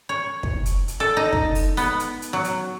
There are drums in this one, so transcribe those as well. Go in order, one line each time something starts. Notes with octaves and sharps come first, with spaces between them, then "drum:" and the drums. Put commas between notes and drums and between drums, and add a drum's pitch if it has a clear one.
C#5
drum: kick
drum: hi-hat
drum: hi-hat
A4
D#4
drum: kick
drum: open hi-hat
B3, drum: open hi-hat
drum: hi-hat
drum: hi-hat
F#3
drum: hi-hat